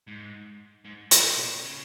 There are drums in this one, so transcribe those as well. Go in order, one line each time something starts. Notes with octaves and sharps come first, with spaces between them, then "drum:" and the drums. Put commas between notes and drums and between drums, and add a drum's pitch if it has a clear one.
G#2
G#2
A#2, drum: hi-hat
B2
C#3